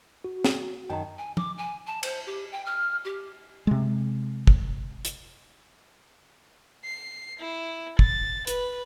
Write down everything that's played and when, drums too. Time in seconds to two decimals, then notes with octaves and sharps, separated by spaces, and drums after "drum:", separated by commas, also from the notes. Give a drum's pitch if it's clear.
0.24 F#4
0.44 drum: snare
0.90 F#2 D#3 G5 A5 A#5
1.18 G#5
1.37 D6, drum: tom
1.58 G#5
1.87 A5
2.03 C5, drum: cymbal
2.26 G4
2.52 G5
2.66 F6
3.05 G4
3.67 C3 G#3
4.47 drum: kick
5.05 drum: hi-hat
6.85 C7
7.40 E4
7.99 A6, drum: kick
8.47 B4, drum: hi-hat